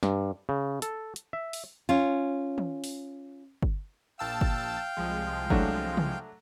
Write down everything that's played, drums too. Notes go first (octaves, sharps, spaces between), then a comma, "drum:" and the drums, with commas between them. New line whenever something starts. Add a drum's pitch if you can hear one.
G2, drum: snare
C#3
A4, drum: hi-hat
drum: hi-hat
E5
drum: open hi-hat
C#4 F4
drum: tom
drum: open hi-hat
drum: kick G1
A#1 F5 G5 A5 E6
drum: kick G1
C2 F3 G#3
F#3 A3 D4, drum: kick G1
drum: tom